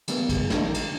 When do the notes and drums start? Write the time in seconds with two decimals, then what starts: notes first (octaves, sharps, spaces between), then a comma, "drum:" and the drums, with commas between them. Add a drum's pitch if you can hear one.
0.08 D#3 G3 A#3 B3, drum: cymbal
0.29 G#3, drum: kick, cymbal
0.50 A#3 D4 D#4, drum: snare
0.74 drum: cymbal